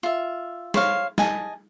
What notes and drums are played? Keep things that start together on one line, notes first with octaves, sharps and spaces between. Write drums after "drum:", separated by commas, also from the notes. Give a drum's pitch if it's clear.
F4 E5
C5 C#5 F5, drum: snare
D#5 G#5 A5, drum: snare